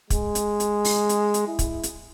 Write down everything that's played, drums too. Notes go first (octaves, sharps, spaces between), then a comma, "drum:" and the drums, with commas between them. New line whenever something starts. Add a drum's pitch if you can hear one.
G#3, drum: kick, hi-hat
drum: hi-hat
drum: hi-hat
drum: open hi-hat
drum: hi-hat
drum: hi-hat
E4
drum: kick, hi-hat
drum: hi-hat